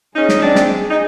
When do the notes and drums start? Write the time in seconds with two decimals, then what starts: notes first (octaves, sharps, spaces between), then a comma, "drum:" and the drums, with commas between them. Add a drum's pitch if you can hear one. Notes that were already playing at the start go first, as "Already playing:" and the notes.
0.15 C#4 D#4 G#4
0.29 drum: snare
0.42 C4 D4
0.56 drum: snare
0.69 G#4
0.91 D#4